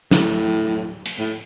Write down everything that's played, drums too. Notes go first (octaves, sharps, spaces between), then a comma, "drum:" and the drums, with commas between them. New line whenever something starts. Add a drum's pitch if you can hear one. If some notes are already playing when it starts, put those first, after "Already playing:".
A2, drum: snare
drum: hi-hat
A2